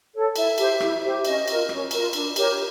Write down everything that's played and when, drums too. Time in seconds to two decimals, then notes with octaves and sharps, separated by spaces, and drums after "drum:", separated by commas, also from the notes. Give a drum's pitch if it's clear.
0.14 A4 C#5
0.36 E4 E5, drum: cymbal
0.58 G4 C5, drum: cymbal
0.80 E4, drum: rim click
1.02 G4 C5
1.25 C#4 D#5, drum: cymbal
1.48 F4 A#4, drum: cymbal
1.69 C#4, drum: rim click
1.91 F4 A#4, drum: cymbal
2.13 D4, drum: cymbal
2.36 G4 A#4 C#5, drum: cymbal